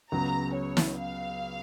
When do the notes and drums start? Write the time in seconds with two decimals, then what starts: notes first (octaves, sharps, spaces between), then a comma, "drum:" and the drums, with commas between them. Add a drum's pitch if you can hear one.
0.12 C#2 C#3 F#3 B3 A#5
0.55 C#5
0.77 drum: snare
0.99 F5